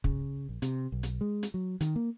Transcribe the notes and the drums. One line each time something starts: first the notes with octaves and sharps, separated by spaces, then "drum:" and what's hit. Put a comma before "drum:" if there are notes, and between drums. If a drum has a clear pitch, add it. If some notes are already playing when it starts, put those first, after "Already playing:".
C#3, drum: kick
A#1
C3, drum: hi-hat
B1
drum: hi-hat
G#3
drum: hi-hat
F#3
D#3, drum: hi-hat
A#3